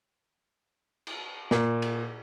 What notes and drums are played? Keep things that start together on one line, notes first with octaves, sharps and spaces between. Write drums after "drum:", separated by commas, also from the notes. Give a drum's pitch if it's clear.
drum: cymbal
A#2, drum: snare
drum: cymbal